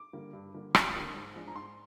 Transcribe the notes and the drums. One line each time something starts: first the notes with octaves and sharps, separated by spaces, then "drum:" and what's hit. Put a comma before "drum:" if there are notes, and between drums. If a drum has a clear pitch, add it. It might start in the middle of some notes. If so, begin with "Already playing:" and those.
Already playing: D6
D3 G3 A#3
G2
D3 G3 A#3
G2, drum: rim click
D3 G3 A#3
G#2
F3 G#3 D4
A#5
G#2 C6